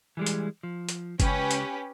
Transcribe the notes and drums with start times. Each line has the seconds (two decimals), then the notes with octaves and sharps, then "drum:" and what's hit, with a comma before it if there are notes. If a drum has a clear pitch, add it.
0.17 E3 G3 G#3
0.26 drum: hi-hat
0.63 F3
0.89 drum: hi-hat
1.20 C#2 C#4 G4 B4, drum: kick F#1, hi-hat
1.51 drum: hi-hat